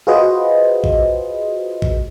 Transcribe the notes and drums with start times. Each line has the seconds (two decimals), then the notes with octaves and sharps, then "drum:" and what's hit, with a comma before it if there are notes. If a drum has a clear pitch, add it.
0.07 F4 F#4 G#4 B4 C5 D#5
0.84 drum: kick A#1
1.82 drum: kick A#1